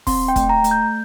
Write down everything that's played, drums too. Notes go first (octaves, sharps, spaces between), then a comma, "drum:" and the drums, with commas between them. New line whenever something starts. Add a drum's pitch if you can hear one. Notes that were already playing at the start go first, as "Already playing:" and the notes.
C4 C6, drum: kick, open hi-hat
G5
A3, drum: kick, hi-hat
A#5
A3, drum: hi-hat
G6